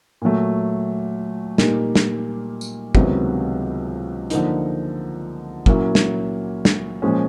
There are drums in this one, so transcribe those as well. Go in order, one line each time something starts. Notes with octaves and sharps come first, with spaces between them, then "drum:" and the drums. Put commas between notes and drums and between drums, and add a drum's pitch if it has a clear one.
A#2 F#3 A3
A#2 G3 A#3 D#4, drum: snare
drum: snare
drum: tambourine
C#2 C3 D#3 F#3 B3, drum: kick
D3 F3 A#3 D#4, drum: hi-hat
A#2 F#3 A#3 C#4 E4, drum: kick
drum: snare
drum: snare
A#2 F3 G#3 C#4